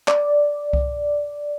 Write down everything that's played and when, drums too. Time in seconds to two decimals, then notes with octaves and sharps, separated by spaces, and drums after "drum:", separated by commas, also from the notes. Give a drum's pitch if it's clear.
0.08 D5, drum: clap
0.73 drum: kick C2